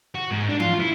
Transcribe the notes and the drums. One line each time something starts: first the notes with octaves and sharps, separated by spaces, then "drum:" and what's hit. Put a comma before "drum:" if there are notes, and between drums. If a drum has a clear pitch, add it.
F#4
G#2
D4
F4, drum: tom E3
E4